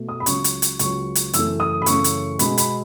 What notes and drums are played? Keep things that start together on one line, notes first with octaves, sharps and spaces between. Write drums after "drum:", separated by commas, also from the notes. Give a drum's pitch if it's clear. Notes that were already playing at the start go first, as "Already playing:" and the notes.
Already playing: B2 A3
D#6
B5
C#2 C#3 F#3 C#6, drum: hi-hat
drum: hi-hat
drum: hi-hat
C#2 C#3 F#3 C#6, drum: hi-hat
drum: hi-hat
F#2 C#3 E3 A3 E6, drum: hi-hat
D#6
B5
F#2 C#3 E3 A3 C#6, drum: hi-hat
drum: hi-hat
B2 G#3 B3 B5, drum: hi-hat
B5, drum: hi-hat